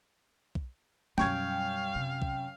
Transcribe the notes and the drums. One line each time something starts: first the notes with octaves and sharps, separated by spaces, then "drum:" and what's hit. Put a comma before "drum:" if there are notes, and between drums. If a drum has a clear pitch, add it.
drum: kick B1
F#2 B2 G3 F5 G5 C#6 G#6, drum: snare
C3
drum: kick B1